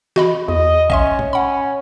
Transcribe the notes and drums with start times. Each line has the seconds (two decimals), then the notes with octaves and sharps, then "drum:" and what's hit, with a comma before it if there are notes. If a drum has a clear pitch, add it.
0.16 F#4 D#5 B5, drum: snare
0.48 E2 D#5
0.90 C#4 D#5 E5 C6, drum: kick
1.19 drum: tom A#2
1.33 C#4 F#5 B5